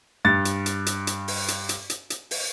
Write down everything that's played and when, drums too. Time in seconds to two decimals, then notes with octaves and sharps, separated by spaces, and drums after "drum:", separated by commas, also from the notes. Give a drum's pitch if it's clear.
0.25 G2 A6
0.45 drum: hi-hat
0.66 drum: hi-hat
0.86 drum: hi-hat
1.07 drum: hi-hat
1.28 drum: open hi-hat
1.48 drum: hi-hat
1.69 drum: hi-hat
1.90 drum: hi-hat
2.10 drum: hi-hat
2.31 drum: open hi-hat